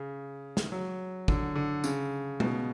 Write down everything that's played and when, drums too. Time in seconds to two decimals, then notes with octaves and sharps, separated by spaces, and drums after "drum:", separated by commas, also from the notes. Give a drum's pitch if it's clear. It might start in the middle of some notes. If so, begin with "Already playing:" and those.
Already playing: C#3
0.57 drum: snare
0.72 F#3
1.28 D3, drum: kick
1.56 D3
1.84 C#3, drum: tambourine
2.40 B2, drum: tom G#3